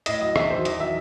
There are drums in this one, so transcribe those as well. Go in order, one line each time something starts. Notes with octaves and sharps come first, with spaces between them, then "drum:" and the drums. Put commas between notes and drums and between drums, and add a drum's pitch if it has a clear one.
A2 D#5, drum: hi-hat
F#3 D#5
E2 E5, drum: rim click
D#3 F#3 C5
E2 D#5, drum: hi-hat
D#3 F#3 E5